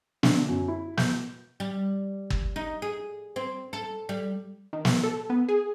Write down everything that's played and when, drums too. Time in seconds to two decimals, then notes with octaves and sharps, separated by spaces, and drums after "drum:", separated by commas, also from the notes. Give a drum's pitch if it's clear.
0.23 D3, drum: snare
0.49 F#2
0.68 E4
0.97 G6, drum: snare
1.60 G3
2.30 drum: kick
2.56 D#4
2.82 G#4
3.36 C4
3.73 A4
4.09 G3
4.73 D#3
4.85 drum: snare
5.03 A4
5.30 B3
5.48 G#4